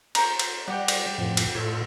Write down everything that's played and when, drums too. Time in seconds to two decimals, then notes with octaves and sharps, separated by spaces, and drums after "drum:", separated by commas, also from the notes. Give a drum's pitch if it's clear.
0.15 C5 C#5 A#5, drum: cymbal
0.39 drum: cymbal
0.68 G3 G4 F#5
0.88 drum: cymbal
1.18 F2 A2 F3
1.37 drum: cymbal
1.55 A2 F4 A4 C#5